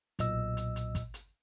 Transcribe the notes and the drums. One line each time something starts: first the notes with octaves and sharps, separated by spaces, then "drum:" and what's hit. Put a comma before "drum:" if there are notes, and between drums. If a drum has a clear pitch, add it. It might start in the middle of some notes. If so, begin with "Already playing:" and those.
B1 A#2 D#5 E6, drum: kick, hi-hat
drum: hi-hat
drum: hi-hat
drum: kick, hi-hat
drum: hi-hat